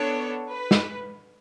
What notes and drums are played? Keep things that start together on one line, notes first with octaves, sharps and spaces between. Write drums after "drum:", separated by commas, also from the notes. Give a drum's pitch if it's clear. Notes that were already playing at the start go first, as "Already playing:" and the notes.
Already playing: B3 D4 A4 C#5
B4
drum: snare